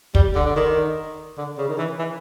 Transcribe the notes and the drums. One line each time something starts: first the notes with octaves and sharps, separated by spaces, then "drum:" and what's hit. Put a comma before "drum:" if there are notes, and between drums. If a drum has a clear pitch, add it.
G3, drum: kick
D3
D3
D#3
D3
C#3
D#3
E3
E3